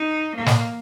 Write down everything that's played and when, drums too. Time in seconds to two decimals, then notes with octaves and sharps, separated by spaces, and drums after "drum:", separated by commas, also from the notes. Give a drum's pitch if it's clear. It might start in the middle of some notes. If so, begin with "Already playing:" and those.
Already playing: D#4
0.35 A#3
0.46 drum: snare